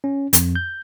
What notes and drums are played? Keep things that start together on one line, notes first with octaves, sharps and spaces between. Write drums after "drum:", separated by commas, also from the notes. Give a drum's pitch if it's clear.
C#4
F2, drum: hi-hat
G6